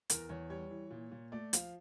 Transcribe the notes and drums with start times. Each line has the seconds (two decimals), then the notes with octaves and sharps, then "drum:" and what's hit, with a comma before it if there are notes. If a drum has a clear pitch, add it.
0.10 E2 A#4, drum: hi-hat
0.29 E2 C#5
0.50 G3 C#5
0.71 E3
0.91 A#2
1.11 A#2
1.32 A3 D5
1.53 F3 F5, drum: hi-hat